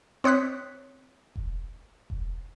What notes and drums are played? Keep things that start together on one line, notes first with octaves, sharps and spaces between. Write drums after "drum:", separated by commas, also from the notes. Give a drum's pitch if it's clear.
C4 C#5 D#6 F#6 B6
drum: kick E1
drum: kick E1